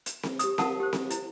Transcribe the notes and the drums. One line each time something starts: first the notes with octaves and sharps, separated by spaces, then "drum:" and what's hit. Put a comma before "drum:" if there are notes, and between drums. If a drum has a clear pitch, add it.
drum: hi-hat
drum: snare C4
G4 D#6, drum: hi-hat
F4 A#4 F5 F#5 A5 D#6, drum: snare C4
G4 C5
drum: snare C4
E4, drum: hi-hat